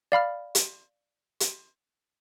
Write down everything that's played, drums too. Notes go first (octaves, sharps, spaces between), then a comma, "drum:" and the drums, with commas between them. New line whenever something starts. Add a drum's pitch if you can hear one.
D5 F5 B5 F6
drum: hi-hat
drum: hi-hat